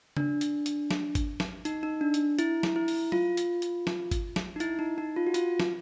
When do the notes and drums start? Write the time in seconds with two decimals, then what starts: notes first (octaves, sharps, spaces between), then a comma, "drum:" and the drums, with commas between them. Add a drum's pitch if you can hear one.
0.17 D4, drum: tom C#3
0.41 drum: hi-hat
0.66 drum: hi-hat
0.91 drum: snare
1.15 drum: kick G#1, hi-hat
1.40 drum: snare
1.65 D#4, drum: hi-hat
1.83 D#4
2.01 D4
2.14 drum: hi-hat
2.39 E4, drum: hi-hat
2.63 drum: snare
2.76 E4
2.88 drum: open hi-hat
3.12 F4, drum: tom
3.37 drum: hi-hat
3.62 drum: hi-hat
3.87 drum: snare
4.11 drum: kick G#1, hi-hat
4.36 drum: snare
4.56 D#4
4.60 E4, drum: hi-hat
4.79 D#4
4.98 D#4
5.16 F4
5.27 F#4
5.34 F4, drum: hi-hat
5.60 drum: snare